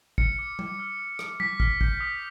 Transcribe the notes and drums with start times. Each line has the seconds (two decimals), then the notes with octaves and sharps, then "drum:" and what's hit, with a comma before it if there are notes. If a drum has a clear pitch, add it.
0.18 F6 C#7, drum: kick
0.39 D6
0.59 D6, drum: tom G3
0.79 F6
0.99 F6
1.19 D6, drum: rim click
1.40 D6 B6, drum: tom G3
1.60 F6, drum: kick
1.81 G6, drum: kick
2.00 D#6